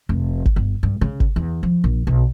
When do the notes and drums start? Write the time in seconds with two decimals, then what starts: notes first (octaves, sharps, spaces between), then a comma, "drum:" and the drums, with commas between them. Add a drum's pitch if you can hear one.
0.09 F1
0.46 drum: kick G#1
0.56 G1
0.83 G2
1.01 C#3
1.20 drum: kick G#1
1.36 E2
1.63 F3
1.84 A#1
2.07 B1